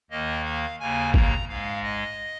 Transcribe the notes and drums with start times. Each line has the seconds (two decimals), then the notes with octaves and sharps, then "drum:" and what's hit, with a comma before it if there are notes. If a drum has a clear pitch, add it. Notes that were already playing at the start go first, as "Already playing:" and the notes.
0.10 D#2 D#3 A#3 D#5
0.45 F5
0.79 D#2 C#3 A#3 G#5
1.14 A#5, drum: kick G#1
1.48 G#2 G#3 F5
1.83 D#5